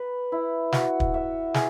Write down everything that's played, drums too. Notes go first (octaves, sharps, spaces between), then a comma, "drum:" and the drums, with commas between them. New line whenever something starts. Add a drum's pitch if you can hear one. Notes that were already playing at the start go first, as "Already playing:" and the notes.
Already playing: B4
E4
F#4, drum: snare
drum: kick
E5
G#4, drum: snare